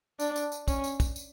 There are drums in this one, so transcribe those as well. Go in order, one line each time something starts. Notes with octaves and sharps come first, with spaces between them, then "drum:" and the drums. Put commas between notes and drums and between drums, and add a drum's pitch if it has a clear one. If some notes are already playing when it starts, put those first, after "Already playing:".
D4, drum: tambourine
drum: tambourine
drum: tambourine
C#4, drum: kick, tambourine
drum: tambourine
drum: kick, tambourine
drum: tambourine